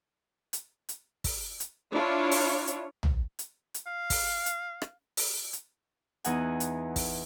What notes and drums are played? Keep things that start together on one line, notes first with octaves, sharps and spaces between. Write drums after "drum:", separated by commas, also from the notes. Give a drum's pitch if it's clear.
drum: hi-hat
drum: hi-hat
drum: kick, open hi-hat
drum: hi-hat
D4 E4 F4 C#5
drum: open hi-hat
drum: hi-hat
drum: tom B1
drum: hi-hat
drum: hi-hat
F5
drum: kick, open hi-hat
drum: hi-hat
drum: rim click
drum: open hi-hat
drum: hi-hat
E2 E3 D#4 F#5 G#5, drum: hi-hat
drum: hi-hat
drum: kick, open hi-hat